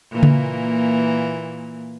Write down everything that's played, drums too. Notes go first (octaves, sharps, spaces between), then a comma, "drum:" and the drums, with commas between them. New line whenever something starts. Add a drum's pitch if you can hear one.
A#2 E3 A#3
drum: tom C#3